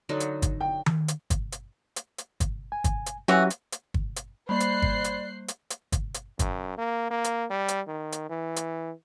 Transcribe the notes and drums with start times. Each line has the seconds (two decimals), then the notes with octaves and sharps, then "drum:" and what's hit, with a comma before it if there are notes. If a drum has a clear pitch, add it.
0.09 D3 F#3 D#4
0.20 drum: hi-hat
0.42 drum: kick, hi-hat
0.61 G5
0.86 drum: tom D#3
1.08 drum: hi-hat
1.30 drum: kick, hi-hat
1.52 drum: hi-hat
1.96 drum: hi-hat
2.18 drum: hi-hat
2.40 drum: kick, hi-hat
2.72 G#5
2.84 drum: kick, hi-hat
3.06 drum: hi-hat
3.28 E3 F#3 C#4 F#4 G4
3.50 drum: hi-hat
3.72 drum: hi-hat
3.94 drum: kick
4.16 drum: hi-hat
4.49 G3 A#3 C5 D5 B5 F#6 C7
4.60 drum: hi-hat
4.82 drum: kick
5.04 drum: hi-hat
5.48 drum: hi-hat
5.70 drum: hi-hat
5.92 drum: kick, hi-hat
6.14 drum: hi-hat
6.39 F#2, drum: kick, hi-hat
6.78 A#3
7.11 A#3
7.24 drum: hi-hat
7.51 G3
7.68 drum: hi-hat
7.87 D#3
8.12 drum: hi-hat
8.29 E3
8.56 drum: hi-hat